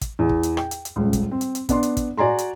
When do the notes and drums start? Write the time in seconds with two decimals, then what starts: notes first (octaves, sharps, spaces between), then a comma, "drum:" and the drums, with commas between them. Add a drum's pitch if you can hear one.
0.01 drum: kick, hi-hat
0.19 E2
0.29 drum: kick
0.43 drum: hi-hat
0.57 G5, drum: rim click
0.71 drum: hi-hat
0.85 drum: hi-hat
0.96 D#1 C#2
1.13 drum: kick, hi-hat
1.31 C4
1.41 drum: hi-hat
1.55 drum: hi-hat
1.69 B3 D4 C6, drum: kick, hi-hat
1.83 drum: hi-hat
1.97 drum: kick, hi-hat
2.17 F#4 D5 G#5 A#5 C6
2.38 drum: hi-hat